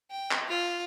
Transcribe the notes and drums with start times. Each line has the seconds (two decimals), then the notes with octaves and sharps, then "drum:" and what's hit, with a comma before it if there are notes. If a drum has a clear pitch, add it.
0.11 G5
0.31 drum: clap
0.47 F4